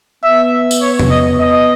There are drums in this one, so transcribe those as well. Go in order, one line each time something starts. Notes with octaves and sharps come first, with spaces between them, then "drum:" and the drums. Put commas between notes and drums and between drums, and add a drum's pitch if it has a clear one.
B3 E5
drum: tambourine
C#5
drum: tom
D#5
D#5